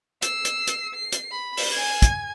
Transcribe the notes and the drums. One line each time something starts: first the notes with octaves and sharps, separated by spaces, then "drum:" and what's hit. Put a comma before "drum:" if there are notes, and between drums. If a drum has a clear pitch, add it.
E6 C7, drum: hi-hat
drum: hi-hat
drum: hi-hat
C7
drum: hi-hat
B5
drum: open hi-hat
G#5 G#6
drum: kick, hi-hat